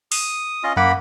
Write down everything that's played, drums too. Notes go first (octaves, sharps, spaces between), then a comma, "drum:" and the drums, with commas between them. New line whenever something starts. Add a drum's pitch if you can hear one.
D#6, drum: open hi-hat
C#4 F4 D#5
F#2 A#3 F#5 B5 D6